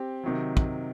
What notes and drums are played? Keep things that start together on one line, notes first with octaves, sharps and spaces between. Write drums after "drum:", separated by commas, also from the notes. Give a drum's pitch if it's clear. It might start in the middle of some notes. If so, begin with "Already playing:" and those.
Already playing: C4 G4
C3 D#3 F#3
drum: kick